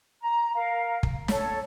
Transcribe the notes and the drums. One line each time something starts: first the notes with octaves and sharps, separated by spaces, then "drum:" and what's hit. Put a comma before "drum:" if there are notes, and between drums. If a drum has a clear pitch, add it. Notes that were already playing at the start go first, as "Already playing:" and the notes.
A#5
A#4 F5
drum: kick
A4 C#5, drum: snare